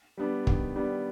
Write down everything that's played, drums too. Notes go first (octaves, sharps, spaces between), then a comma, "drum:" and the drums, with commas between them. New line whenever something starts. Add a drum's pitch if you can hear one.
G3 B3 D4
D#3, drum: kick
G3 B3 D4